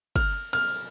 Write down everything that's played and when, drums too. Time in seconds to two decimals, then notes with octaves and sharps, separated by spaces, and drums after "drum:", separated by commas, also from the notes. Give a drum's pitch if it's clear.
0.16 F6, drum: kick, cymbal
0.53 F6, drum: cymbal